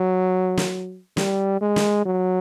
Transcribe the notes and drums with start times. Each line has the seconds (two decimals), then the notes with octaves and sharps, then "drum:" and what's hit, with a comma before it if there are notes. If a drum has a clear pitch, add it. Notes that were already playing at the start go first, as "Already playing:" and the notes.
Already playing: F#3
0.57 drum: snare
1.17 G3, drum: snare
1.61 G#3
1.76 drum: snare
2.05 F#3